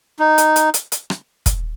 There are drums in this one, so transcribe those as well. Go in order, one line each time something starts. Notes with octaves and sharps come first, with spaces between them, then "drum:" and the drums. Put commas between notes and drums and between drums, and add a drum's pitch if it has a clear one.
D#4
drum: hi-hat
drum: hi-hat
drum: hi-hat
drum: hi-hat
drum: rim click
drum: kick, hi-hat